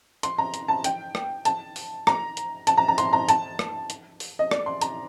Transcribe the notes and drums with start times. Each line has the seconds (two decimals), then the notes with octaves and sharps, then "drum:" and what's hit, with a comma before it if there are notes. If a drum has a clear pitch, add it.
0.23 C6, drum: hi-hat
0.38 A#5
0.54 drum: hi-hat
0.68 A5
0.84 G5, drum: hi-hat
1.15 drum: rim click
1.45 A5, drum: hi-hat
1.76 drum: open hi-hat
2.07 A#5, drum: rim click
2.37 drum: hi-hat
2.67 A5, drum: hi-hat
2.78 A#5
2.88 A#5
2.98 C6, drum: hi-hat
3.13 A#5
3.29 A5, drum: hi-hat
3.59 drum: rim click
3.90 drum: hi-hat
4.20 drum: open hi-hat
4.39 D#5
4.51 D5, drum: rim click
4.66 C6
4.81 A#5, drum: hi-hat